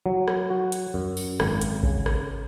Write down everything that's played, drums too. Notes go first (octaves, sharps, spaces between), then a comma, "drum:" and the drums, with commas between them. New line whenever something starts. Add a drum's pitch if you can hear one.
F#3
drum: rim click
F#4
drum: hi-hat
F#2
drum: open hi-hat
G#1, drum: rim click
drum: hi-hat
C#3, drum: kick A1
drum: rim click